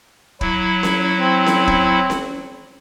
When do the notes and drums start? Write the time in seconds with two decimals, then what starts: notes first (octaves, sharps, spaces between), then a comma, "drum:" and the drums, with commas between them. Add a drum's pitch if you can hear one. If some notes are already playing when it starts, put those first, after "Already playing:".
0.41 F#3 E4, drum: kick
0.83 drum: snare C#4
1.18 C4
1.46 drum: snare C#4
1.68 drum: kick
2.10 drum: snare C#4